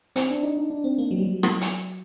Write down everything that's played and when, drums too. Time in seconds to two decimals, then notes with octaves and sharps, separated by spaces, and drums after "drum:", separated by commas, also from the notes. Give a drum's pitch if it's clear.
0.16 C4, drum: hi-hat
0.30 D4
0.43 D#4
0.57 D#4
0.70 D4
0.84 C4
0.98 A#3
1.11 F#3
1.19 G3
1.25 F#3
1.43 drum: rim click
1.61 drum: hi-hat